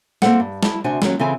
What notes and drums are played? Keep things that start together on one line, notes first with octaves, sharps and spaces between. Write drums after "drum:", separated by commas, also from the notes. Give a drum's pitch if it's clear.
A#3 C4 F4 A4 C5 F#5, drum: snare
G2
E4 A5, drum: snare
D2 C3 D4 F#4 C5 G#5
D#2 F#3 C#4, drum: snare
C#3 E3 C4 F4 A4 G#5